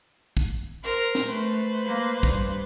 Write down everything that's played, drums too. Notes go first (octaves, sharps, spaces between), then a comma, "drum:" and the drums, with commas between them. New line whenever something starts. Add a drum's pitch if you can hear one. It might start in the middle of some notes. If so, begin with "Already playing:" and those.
drum: kick
A#4 C5
drum: snare
A3 B4 C5
A#3
G2, drum: kick